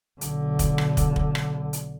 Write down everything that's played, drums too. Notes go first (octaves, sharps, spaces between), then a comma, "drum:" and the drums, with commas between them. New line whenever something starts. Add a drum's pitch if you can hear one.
B1 D3, drum: hi-hat
drum: kick, hi-hat
drum: rim click
drum: kick, hi-hat
drum: kick
drum: rim click
drum: hi-hat